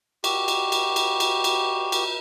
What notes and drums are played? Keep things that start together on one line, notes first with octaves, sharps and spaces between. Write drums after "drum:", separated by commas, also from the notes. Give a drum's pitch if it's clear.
F#4 G4, drum: cymbal
drum: cymbal
drum: cymbal
drum: cymbal
drum: cymbal
drum: cymbal
drum: cymbal